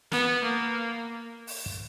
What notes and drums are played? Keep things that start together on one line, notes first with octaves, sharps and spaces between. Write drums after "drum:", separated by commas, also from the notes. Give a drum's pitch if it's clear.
B3, drum: snare
A#3
drum: open hi-hat
drum: kick